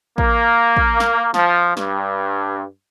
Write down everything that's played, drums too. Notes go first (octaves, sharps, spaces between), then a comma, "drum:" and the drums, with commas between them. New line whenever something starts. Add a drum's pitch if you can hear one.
A#3, drum: kick A1
drum: kick A1
drum: snare
F3, drum: snare
G2, drum: snare